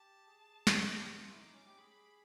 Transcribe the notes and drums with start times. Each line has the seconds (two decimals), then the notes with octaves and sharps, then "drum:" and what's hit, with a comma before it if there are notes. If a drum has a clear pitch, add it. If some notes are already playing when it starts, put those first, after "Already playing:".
Already playing: G4 A5
0.27 G#4
0.67 drum: snare
1.02 G4 D6
1.12 F#4
1.22 F4
1.31 E4
1.40 D#4 D6
1.53 C#4
1.66 G4
1.79 G#4 B5